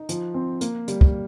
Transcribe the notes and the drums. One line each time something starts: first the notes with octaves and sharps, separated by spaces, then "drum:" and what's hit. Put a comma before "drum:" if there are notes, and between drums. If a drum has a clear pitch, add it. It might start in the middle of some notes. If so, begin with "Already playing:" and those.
Already playing: D#4
F3, drum: hi-hat
C4
A#3, drum: hi-hat
G3, drum: hi-hat
drum: kick